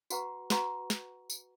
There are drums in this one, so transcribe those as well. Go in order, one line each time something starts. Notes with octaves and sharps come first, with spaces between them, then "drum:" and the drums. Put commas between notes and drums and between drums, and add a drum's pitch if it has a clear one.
F#4 B4 F#5 A#5 C#6, drum: tambourine
F#4 B4 F#5 A#5 C#6, drum: snare
drum: snare
drum: tambourine